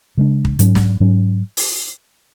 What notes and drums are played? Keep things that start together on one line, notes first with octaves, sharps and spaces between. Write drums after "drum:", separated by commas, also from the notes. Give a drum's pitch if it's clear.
C#3 G#3 D4
drum: kick
G#2 F#3 C#4, drum: hi-hat
drum: snare
G#2 F#3 C#4
drum: open hi-hat